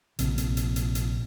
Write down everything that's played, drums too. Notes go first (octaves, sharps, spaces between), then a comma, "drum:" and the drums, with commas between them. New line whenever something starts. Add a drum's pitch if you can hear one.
A#1 C3 C4, drum: hi-hat
drum: hi-hat
drum: hi-hat
drum: hi-hat
drum: hi-hat